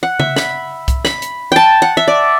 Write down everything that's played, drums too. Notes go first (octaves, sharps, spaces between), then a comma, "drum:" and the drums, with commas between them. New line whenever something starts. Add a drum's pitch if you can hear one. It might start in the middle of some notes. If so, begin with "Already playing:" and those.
F#5
E5, drum: tom C#3
B5, drum: snare
drum: kick C2, hi-hat
B5, drum: snare
drum: hi-hat
G5 A5
F#5
E5
D5